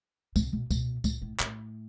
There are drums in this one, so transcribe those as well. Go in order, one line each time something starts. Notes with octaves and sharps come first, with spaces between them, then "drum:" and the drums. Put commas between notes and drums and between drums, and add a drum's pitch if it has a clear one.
C3, drum: kick C#2, tambourine
B2
B2, drum: kick C#2, tambourine
A#2, drum: kick C#2, tambourine
A2
A2, drum: clap